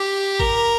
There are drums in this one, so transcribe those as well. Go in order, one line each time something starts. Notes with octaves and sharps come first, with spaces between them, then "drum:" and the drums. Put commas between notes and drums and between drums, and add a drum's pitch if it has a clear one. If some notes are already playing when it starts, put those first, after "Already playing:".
Already playing: G4
A#4, drum: kick